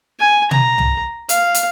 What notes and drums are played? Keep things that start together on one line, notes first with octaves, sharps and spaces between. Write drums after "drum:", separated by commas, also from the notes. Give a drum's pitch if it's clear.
G#5
A#5, drum: tom
drum: tom C2
F5, drum: hi-hat
drum: hi-hat